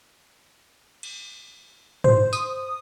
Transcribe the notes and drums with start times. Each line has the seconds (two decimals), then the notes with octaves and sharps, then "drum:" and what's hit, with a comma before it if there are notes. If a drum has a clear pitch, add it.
1.03 drum: cymbal
2.04 C5, drum: tom
2.33 D#6, drum: tambourine